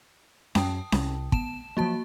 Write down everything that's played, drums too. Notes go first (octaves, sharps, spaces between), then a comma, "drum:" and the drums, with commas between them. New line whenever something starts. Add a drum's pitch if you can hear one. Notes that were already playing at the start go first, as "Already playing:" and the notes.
F#2 G5 A5 D#6, drum: snare C#4
C2, drum: snare C#4
B3 A5 E7, drum: kick
F3 F#3 A#3 F#4 A5